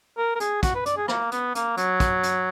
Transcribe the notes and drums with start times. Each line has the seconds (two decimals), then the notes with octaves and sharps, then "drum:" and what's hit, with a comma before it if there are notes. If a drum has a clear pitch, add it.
0.17 A#4
0.35 A#4
0.40 G#4, drum: hi-hat
0.63 F#4, drum: kick, hi-hat
0.75 B4
0.86 D5, drum: hi-hat
0.97 G#4
1.08 A#3, drum: rim click
1.32 B3, drum: hi-hat
1.55 A#3, drum: hi-hat
1.77 F#3, drum: hi-hat
2.00 drum: kick, hi-hat
2.23 drum: hi-hat